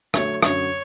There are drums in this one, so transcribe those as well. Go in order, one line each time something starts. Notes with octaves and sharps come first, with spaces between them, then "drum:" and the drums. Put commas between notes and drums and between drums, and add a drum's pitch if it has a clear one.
D3 F#3 A3 C#5, drum: rim click
F#2 D3 F#3 C#5, drum: rim click